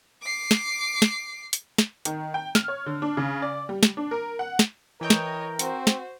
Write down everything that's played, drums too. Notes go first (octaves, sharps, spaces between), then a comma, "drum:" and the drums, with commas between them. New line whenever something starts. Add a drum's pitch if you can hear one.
D6 C7
drum: snare
drum: snare
drum: hi-hat
drum: snare
D#3, drum: hi-hat
G5
F6, drum: snare
C#5
D3
D4
C#3
D5
G3
drum: snare
D4
A#4
F#5
drum: snare
E3 A#4 C#5 D#5 G5 G6
drum: snare
C4 F#4 C5, drum: hi-hat
drum: snare